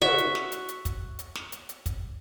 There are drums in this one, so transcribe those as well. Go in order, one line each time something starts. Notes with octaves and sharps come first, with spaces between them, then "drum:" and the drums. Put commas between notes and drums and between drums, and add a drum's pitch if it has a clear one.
F#4 E5, drum: tom
drum: hi-hat
drum: snare
drum: hi-hat
drum: hi-hat
drum: kick, hi-hat
drum: hi-hat
drum: snare
drum: hi-hat
drum: hi-hat
drum: kick, hi-hat